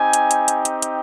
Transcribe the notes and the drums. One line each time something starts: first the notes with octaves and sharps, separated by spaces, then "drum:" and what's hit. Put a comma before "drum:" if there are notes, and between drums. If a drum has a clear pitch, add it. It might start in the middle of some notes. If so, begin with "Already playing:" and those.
Already playing: C4 D#4 G4 G#5
drum: hi-hat
drum: hi-hat
drum: hi-hat
drum: hi-hat
drum: hi-hat